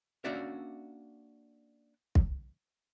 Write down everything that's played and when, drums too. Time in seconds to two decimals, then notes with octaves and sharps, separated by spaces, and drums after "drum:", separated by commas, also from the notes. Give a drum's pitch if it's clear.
0.24 A#3 C#4 D4 F#4 D5 E5
2.15 drum: kick